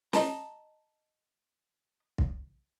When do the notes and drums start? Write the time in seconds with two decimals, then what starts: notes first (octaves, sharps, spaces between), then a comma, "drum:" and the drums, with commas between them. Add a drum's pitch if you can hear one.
0.13 D#5 A5 A#5, drum: snare
2.18 drum: kick